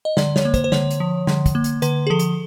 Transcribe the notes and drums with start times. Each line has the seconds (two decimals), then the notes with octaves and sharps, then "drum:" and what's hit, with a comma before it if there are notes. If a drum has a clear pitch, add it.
0.05 D#5
0.17 D3 D5, drum: snare
0.36 C#5, drum: snare
0.45 A#3
0.54 C5, drum: kick, hi-hat
0.64 C5
0.72 D3 C#5, drum: snare
0.91 drum: hi-hat
1.00 F3
1.27 D3, drum: snare
1.46 drum: kick, hi-hat
1.55 A#3
1.64 drum: hi-hat
1.82 D3 B4, drum: hi-hat
2.07 G#4
2.10 F3 A4
2.19 drum: hi-hat